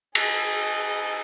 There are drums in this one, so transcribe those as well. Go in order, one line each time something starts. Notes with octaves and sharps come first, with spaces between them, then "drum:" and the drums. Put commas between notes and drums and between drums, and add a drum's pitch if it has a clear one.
G#4 D#5, drum: cymbal